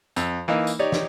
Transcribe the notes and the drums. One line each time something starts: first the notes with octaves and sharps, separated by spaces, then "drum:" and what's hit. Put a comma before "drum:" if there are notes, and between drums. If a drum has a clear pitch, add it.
F2 E6, drum: tambourine
E3 A#3 D#4
drum: tambourine
D#4 G4 C#5 D5
drum: snare